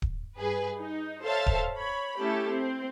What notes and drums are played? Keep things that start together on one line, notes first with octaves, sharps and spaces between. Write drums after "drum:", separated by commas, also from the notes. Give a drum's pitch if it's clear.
drum: kick D1
G2 G#4 B4
D#4
A4 C5 C#5 E5 F5 A5
drum: kick D1
C#5 B5
A3 C#4 E4 G4 A4
C4